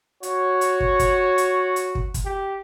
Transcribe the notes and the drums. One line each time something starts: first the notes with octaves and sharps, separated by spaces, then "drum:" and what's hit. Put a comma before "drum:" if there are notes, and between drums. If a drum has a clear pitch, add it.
F#4 C#5, drum: hi-hat
drum: hi-hat
drum: kick
drum: kick, hi-hat
drum: hi-hat
drum: hi-hat
drum: kick
drum: kick, hi-hat
G4